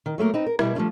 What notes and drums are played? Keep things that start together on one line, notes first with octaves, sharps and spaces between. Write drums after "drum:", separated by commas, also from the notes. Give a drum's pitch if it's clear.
D#3
F#3 A3 A#3 A#4
C4 D#4 B4
A#4
B2 G3 E4, drum: rim click
F3 G3 A3 C#4 D4